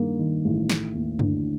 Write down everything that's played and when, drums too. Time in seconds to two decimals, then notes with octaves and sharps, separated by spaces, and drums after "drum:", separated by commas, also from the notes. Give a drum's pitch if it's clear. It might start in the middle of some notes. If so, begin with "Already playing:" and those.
Already playing: G2 D#3 A#3
0.19 D#3
0.45 A1
0.69 A3, drum: snare
0.95 D#2
1.19 D3, drum: tom F#2